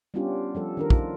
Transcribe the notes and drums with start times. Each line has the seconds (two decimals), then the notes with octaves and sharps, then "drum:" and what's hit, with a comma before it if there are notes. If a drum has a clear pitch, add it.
0.14 G3 B3 C#4 D4 F4 G4
0.55 F3 G3 A4
0.77 D#3 D4 A#4
0.90 F4, drum: kick